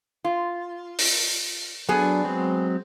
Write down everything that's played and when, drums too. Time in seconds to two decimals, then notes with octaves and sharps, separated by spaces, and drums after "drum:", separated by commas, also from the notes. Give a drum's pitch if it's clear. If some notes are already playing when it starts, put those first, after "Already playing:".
0.24 F4
0.99 drum: open hi-hat
1.89 F#3 B3 D4 G#4
2.24 F#3 G#3 C4